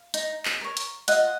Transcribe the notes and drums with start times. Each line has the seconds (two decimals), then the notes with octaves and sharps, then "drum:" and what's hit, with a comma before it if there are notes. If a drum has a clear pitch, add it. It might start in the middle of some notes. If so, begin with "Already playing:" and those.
Already playing: F5
0.14 D#4, drum: hi-hat
0.45 drum: clap
0.61 A#4 C#5
0.77 drum: hi-hat
1.08 F4 D#5 F#5, drum: hi-hat